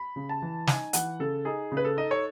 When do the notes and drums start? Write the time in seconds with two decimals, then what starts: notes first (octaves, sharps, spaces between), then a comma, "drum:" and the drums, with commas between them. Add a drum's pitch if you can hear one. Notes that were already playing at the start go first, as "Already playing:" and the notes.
Already playing: B5
0.16 C#3
0.29 A5
0.42 E3
0.67 D#4 G#5, drum: snare
0.93 E3 F#5, drum: hi-hat
1.20 C#3 A4
1.45 D#4 G#4
1.72 C#3
1.77 B4
1.85 A4
1.97 D#4 D#5
2.11 C#5